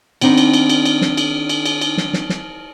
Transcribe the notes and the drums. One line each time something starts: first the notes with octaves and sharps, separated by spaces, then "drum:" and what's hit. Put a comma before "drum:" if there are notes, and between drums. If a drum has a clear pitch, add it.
D#3 B3 C4 D4 D#4, drum: cymbal
drum: cymbal
drum: cymbal
drum: cymbal
drum: cymbal
drum: snare
drum: cymbal
drum: cymbal
drum: cymbal
drum: cymbal
drum: snare
drum: snare
drum: snare